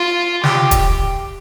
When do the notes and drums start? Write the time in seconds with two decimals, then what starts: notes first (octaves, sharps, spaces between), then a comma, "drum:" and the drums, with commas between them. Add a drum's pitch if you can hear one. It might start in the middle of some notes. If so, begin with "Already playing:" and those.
Already playing: F4
0.44 G4, drum: snare
0.71 drum: kick, hi-hat